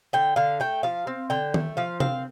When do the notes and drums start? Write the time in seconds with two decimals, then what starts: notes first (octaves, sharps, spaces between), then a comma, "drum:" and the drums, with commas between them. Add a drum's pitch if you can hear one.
0.13 D3 G5
0.36 D3 F5
0.60 A3 G5
0.83 F3 F5
1.07 C4
1.30 D3 G5
1.54 A3, drum: tom D#3
1.77 F3 F5
2.00 C4 F5, drum: tom C3